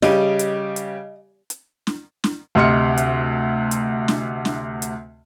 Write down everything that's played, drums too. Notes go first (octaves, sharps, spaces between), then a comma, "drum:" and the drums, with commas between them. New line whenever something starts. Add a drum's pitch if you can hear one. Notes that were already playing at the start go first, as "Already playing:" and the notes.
C#3 G3 G4 D#5, drum: snare
drum: hi-hat
drum: hi-hat
drum: hi-hat
drum: snare
drum: snare
D2 C3 D#5 C6 F6 C#7
drum: hi-hat
drum: hi-hat
drum: snare
drum: snare
drum: hi-hat